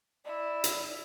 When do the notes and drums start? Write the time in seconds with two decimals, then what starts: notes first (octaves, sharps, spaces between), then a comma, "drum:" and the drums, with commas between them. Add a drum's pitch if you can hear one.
0.25 E4 D5
0.64 drum: hi-hat